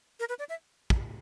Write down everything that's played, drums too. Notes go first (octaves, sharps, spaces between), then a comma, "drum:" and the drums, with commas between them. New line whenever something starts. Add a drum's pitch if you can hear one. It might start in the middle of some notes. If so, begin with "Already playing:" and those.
A#4
B4
D5
E5
drum: kick